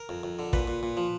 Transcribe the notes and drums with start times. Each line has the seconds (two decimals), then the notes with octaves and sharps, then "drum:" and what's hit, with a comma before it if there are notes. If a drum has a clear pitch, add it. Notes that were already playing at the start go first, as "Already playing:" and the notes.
Already playing: A#4
0.09 F2
0.23 F2
0.39 D3
0.53 A#2 B4, drum: kick
0.68 A#2
0.83 A#2
0.97 F3